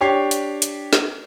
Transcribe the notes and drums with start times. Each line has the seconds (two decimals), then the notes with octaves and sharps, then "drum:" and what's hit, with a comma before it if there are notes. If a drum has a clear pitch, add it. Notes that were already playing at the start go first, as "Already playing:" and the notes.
0.01 D4 G4 C#5 C7
0.31 drum: hi-hat
0.62 drum: hi-hat
0.93 drum: snare